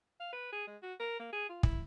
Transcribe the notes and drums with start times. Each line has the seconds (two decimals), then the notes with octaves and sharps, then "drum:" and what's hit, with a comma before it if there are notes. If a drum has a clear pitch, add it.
0.20 F5
0.33 B4
0.52 G#4
0.67 G#3
0.83 F#4
1.00 A#4
1.19 A#3
1.33 G#4
1.49 F4
1.63 E4, drum: kick